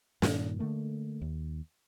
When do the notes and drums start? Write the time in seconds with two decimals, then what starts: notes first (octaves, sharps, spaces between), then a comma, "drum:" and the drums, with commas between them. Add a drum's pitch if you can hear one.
0.22 G2 A#2 D#3, drum: snare
0.59 D3 D#3 A3 A#3
1.22 D#2